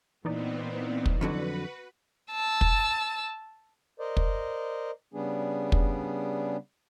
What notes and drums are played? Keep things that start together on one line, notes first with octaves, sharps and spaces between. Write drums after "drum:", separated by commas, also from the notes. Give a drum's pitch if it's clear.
A#2 E3 B3 C4 D#4 D5
drum: kick
F2 D3 F#3 F#4 B4
A5 E6
drum: kick
A#4 C5 D5 D#5
drum: kick
C#3 G3 B3 D4 G#4
drum: kick